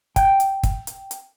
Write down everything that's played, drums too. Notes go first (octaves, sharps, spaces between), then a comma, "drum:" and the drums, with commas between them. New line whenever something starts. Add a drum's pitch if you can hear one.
G5, drum: kick, hi-hat
drum: hi-hat
drum: kick, hi-hat
drum: hi-hat
drum: hi-hat